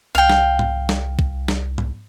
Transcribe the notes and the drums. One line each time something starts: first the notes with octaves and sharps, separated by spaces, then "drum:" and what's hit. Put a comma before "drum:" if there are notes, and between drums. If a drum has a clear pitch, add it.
C2 F5 G5
drum: snare
drum: tom G#2
drum: snare
drum: kick
drum: snare
drum: tom G#2